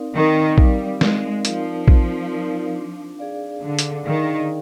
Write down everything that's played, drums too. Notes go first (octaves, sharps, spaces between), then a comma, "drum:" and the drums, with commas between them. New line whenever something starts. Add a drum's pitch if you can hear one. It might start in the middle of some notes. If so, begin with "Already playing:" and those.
Already playing: C4 D#4 A#4 D5 F5
D#3 C4
G3 D#4 A#4 D5 F5, drum: kick A#1
G#3 C4, drum: snare
F3 D#4 A#4 D5 F5, drum: hi-hat
C4, drum: kick A#1
D#4 A#4 D5 F5
D4
G#4 D5 F5
D3 D4
drum: hi-hat
D#3 G#4 D5 F5